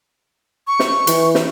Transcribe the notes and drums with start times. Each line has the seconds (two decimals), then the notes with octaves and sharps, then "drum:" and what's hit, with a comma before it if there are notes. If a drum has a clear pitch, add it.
0.67 C#6
0.79 drum: snare
1.07 E3, drum: hi-hat
1.35 drum: snare